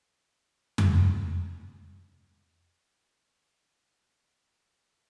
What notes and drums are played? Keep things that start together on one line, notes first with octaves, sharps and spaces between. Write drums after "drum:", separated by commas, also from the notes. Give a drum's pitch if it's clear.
G3
drum: tom F2
D#3
C#5 E6